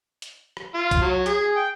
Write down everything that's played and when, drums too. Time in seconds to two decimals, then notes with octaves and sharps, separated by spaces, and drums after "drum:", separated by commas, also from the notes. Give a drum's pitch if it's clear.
0.22 drum: hi-hat
0.57 drum: rim click
0.74 F4
0.91 drum: kick B1, hi-hat
1.02 F#3
1.26 G#4, drum: hi-hat
1.56 G5